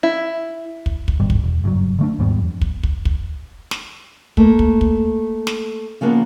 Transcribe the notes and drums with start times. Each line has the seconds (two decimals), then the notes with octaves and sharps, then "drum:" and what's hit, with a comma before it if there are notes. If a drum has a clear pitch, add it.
0.03 E4
0.86 drum: kick
1.08 drum: kick
1.20 G#1 G2 B2 G3
1.30 drum: kick
1.44 E1
1.64 F#1 G2 C3 F#3
1.99 D3 A3 D4
2.19 D#2 G#2 G3 B3
2.38 F2
2.61 drum: kick
2.83 drum: kick
3.05 drum: kick
3.71 drum: snare
4.37 A3 A#3, drum: kick
4.59 drum: kick
4.81 drum: kick
5.47 drum: snare
6.01 C#3 F3 A#3 B3